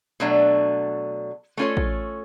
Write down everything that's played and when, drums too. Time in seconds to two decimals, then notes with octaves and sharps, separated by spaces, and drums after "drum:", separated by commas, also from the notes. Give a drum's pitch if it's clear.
0.20 B2 F#3 A3 D4
1.57 A3 C#4 F4 A4 C#5
1.77 drum: kick